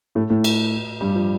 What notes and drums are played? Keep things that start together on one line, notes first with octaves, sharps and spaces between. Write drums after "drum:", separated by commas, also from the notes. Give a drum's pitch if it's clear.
A2 A3
A2 A3
drum: cymbal
G2 G3
F3